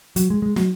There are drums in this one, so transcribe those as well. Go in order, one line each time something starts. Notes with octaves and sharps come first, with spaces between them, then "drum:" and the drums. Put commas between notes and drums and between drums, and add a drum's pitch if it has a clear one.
F#3, drum: hi-hat
G#3
G#3
F#3, drum: snare